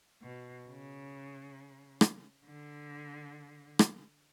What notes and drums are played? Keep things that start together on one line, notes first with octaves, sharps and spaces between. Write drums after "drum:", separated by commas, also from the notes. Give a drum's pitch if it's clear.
B2
C#3
drum: rim click
D3
drum: rim click